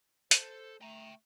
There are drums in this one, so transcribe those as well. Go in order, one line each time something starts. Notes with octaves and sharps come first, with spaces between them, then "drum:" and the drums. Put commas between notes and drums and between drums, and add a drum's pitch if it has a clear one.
A4 C5, drum: hi-hat
A3 G5 A#5